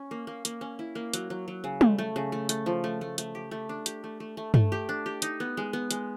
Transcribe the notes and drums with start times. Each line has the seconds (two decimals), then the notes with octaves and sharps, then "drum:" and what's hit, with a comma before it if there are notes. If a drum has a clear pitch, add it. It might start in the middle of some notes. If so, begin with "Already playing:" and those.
Already playing: C#4
0.11 A#3
0.27 A#3
0.45 A#3, drum: hi-hat
0.61 C#4
0.79 E4
0.95 A#3
1.14 F#3, drum: hi-hat
1.30 F#3
1.48 F#3
1.64 C#3
1.81 A3, drum: tom
1.99 A3
2.16 C#3
2.32 A3
2.49 A3, drum: hi-hat
2.66 F3
2.84 A3
3.01 A3
3.18 A3, drum: hi-hat
3.35 G4
3.51 A3
3.69 D4
3.86 G4, drum: hi-hat
4.04 A3
4.20 A3
4.37 A3
4.54 A3, drum: tom G2
4.72 G4
4.89 D4
5.06 G4
5.22 D#4, drum: hi-hat
5.40 B3
5.57 G#3
5.73 B3
5.91 G#3, drum: hi-hat